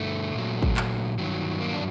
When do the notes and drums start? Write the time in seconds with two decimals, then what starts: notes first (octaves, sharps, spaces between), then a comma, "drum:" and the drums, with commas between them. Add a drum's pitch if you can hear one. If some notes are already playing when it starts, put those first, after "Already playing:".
Already playing: G2 D3 A3
0.35 A#2 F#3
0.63 drum: kick
0.77 drum: clap
1.18 G2 D#3 F#3
1.61 A#3
1.73 D4